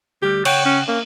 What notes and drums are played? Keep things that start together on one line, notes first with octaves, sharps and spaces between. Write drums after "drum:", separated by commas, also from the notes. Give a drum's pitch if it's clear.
D2 G3 G4
C#3 C#5 F#5 G5, drum: cymbal
C#4
A#3 C#4